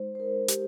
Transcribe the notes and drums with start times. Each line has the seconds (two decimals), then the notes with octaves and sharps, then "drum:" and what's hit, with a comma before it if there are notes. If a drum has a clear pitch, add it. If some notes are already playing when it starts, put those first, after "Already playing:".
Already playing: G#3 D#4 C5
0.15 C5
0.20 D#4 A#4
0.48 G#3 G4, drum: hi-hat